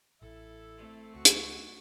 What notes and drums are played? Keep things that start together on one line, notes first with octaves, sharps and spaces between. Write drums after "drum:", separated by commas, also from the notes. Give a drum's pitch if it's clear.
A1 E4 A4
A3 C4
C#2 F#4 C#6
drum: hi-hat